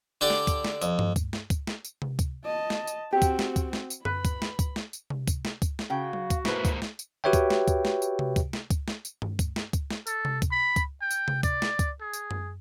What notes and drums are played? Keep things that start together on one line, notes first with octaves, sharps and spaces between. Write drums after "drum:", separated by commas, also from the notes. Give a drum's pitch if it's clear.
D3 D4 G4 D5
drum: snare
drum: kick C#2, tambourine
drum: snare
F2, drum: tambourine
drum: tom G2
drum: kick C#2, tambourine
drum: snare
drum: kick C#2, tambourine
drum: snare
drum: tambourine
drum: tom C3
drum: kick C#2, tambourine
D#5 A5
drum: snare
drum: tambourine
C4 F#4 G4
drum: kick C#2, tambourine
drum: snare
drum: kick C#2, tambourine
drum: snare
drum: tambourine
B4 B5, drum: tom F#2
drum: kick C#2, tambourine
drum: snare
drum: kick C#2, tambourine
drum: snare
drum: tambourine
drum: tom C3
drum: kick C#2, tambourine
drum: snare
drum: kick C#2, tambourine
drum: snare
C#3 F#4 F5 G5
drum: tom F#3
drum: kick C#2, tambourine
G#2 A#3 E4 B4 C5, drum: snare
drum: kick C#2, tambourine
drum: snare
drum: tambourine
F#4 G4 B4 C#5 E5 G5
drum: kick C#2, tambourine
drum: snare
drum: kick C#2, tambourine
drum: snare
drum: tambourine
drum: tom C3
drum: kick C#2, tambourine
drum: snare
drum: kick C#2, tambourine
drum: snare
drum: tambourine
drum: tom G2
drum: kick C#2, tambourine
drum: snare
drum: kick C#2, tambourine
drum: snare
A4, drum: tambourine
drum: tom C3
drum: kick C#2, tambourine
B5
drum: kick C#2, tambourine
G5
drum: tambourine
drum: tom C3
D5, drum: kick C#2, tambourine
drum: snare
drum: kick C#2, tambourine
G#4
drum: tambourine
drum: tom F#2